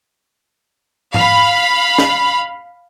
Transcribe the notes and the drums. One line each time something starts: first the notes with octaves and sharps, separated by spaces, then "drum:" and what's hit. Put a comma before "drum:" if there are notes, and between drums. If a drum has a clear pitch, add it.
F5 B5, drum: tom G#2
drum: snare